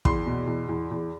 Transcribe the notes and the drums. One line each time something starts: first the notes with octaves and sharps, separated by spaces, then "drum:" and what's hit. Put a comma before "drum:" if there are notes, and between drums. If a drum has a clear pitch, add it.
E2 C6, drum: kick
B2
E2
E2
E2